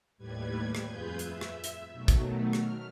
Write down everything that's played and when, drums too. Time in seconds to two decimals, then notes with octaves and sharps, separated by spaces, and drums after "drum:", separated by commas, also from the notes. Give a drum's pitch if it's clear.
0.18 D#2 A2 G3 B4 G#6
0.75 drum: rim click
0.84 F2 F4 G#4 B4 G6 G#6
1.19 E5, drum: hi-hat
1.41 drum: rim click
1.64 drum: hi-hat
1.92 B2 D#3 F#3 A3
2.08 drum: kick A1, hi-hat
2.53 F6, drum: rim click